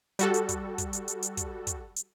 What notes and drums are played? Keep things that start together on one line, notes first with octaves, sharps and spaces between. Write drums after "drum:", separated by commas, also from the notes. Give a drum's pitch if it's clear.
G3 F#4 A4, drum: hi-hat
drum: hi-hat
drum: kick, hi-hat
drum: kick, hi-hat
drum: hi-hat
drum: hi-hat
drum: hi-hat
drum: kick, hi-hat
drum: kick, hi-hat
drum: hi-hat